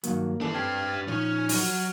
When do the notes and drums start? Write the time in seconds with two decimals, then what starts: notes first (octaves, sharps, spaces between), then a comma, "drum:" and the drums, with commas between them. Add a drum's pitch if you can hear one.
0.03 G2 D#3 F#3 A#3, drum: hi-hat
0.41 D#2 E3 D4 A4 B4
0.55 C4 A4 G5 F6 G#6 C7
0.88 A6
1.08 A#2 F3 C#4 D#4 C#5 F6
1.49 F#3, drum: open hi-hat